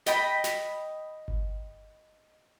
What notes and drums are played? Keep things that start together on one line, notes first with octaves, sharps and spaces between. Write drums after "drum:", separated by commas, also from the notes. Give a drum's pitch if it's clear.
D#5 G5 B5, drum: snare
drum: snare
drum: kick G1